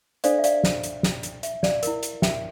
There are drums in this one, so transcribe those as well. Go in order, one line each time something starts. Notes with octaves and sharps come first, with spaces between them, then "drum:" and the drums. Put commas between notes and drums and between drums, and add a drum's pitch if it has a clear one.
D4 A4 C5 D5 F5, drum: hi-hat
E5
D5 F5, drum: hi-hat
drum: snare
drum: hi-hat
drum: snare
drum: hi-hat
E5, drum: hi-hat
D5 F5, drum: snare
E4 A#4, drum: hi-hat
drum: hi-hat
E5 G5, drum: snare